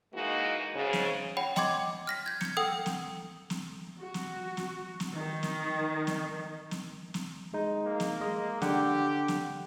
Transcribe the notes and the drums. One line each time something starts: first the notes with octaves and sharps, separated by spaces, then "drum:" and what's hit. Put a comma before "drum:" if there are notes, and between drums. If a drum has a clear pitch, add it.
E3 G#3 A#3 D#4 F#4
G#2 C#3
drum: snare
C#5 F#5 G5 B5
D#5 G5 C6 D6 G#6, drum: snare
F6 A#6 B6
G6 G#6
G#6 C#7, drum: snare
A4 F#5 G5 D#6 E6 C#7
drum: snare
drum: snare
F#4
drum: snare
drum: snare
drum: snare
D#3
drum: snare
drum: snare
drum: snare
drum: snare
G#3 D#4
A#3
drum: snare
G#3 D#5
D3 G4 F#5, drum: snare
drum: snare